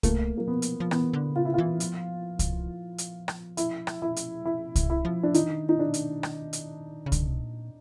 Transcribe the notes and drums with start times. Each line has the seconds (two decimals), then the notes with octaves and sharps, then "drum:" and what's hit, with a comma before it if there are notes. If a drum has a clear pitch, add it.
0.03 A3 A#3, drum: kick C2, hi-hat
0.38 F#3 A#3
0.48 F3 B3
0.62 drum: hi-hat
0.80 F3
0.91 E3 B3, drum: rim click
1.13 D3
1.36 C#3 F4
1.45 E4
1.54 E3 F4
1.80 F3, drum: hi-hat
2.39 drum: kick C2, hi-hat
2.98 drum: hi-hat
3.28 drum: rim click
3.57 E4, drum: hi-hat
3.87 drum: rim click
4.02 E4
4.16 drum: hi-hat
4.41 F#3
4.46 F3 E4
4.76 drum: kick C2, hi-hat
4.90 E4
5.05 F3
5.23 D4
5.34 D#3 D#4, drum: hi-hat
5.43 E3
5.50 D#3
5.69 D#4
5.79 D4
5.94 drum: hi-hat
6.23 drum: rim click
6.53 drum: hi-hat
7.06 C#3
7.12 D3, drum: kick C2, hi-hat
7.27 C3
7.34 B2
7.41 A#2